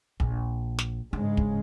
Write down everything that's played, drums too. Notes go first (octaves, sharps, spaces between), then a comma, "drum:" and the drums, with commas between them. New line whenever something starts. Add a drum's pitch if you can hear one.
A#1, drum: kick
drum: snare
G#2 C#3 G#3 D4
drum: kick